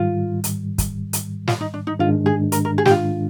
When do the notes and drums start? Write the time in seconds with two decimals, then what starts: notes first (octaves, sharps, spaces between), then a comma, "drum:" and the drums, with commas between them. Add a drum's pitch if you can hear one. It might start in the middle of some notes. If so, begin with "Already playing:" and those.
Already playing: G#2 D#3 G3 F4
0.44 drum: hi-hat
0.78 drum: kick, hi-hat
1.13 drum: hi-hat
1.47 F4, drum: snare
1.61 D#4
1.74 D4
1.87 D#4
1.99 G#2 D#3 G#3 D4 F4
2.26 G#4
2.52 A#4, drum: hi-hat
2.65 A#4
2.78 G#4
2.85 G4, drum: snare
2.91 F4